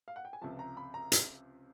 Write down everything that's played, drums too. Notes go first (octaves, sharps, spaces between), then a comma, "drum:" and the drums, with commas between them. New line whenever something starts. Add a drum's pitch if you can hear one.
F5
F#5
G5
G#5
C#2 C3 F3 A5
A#5
B5
A#5
drum: hi-hat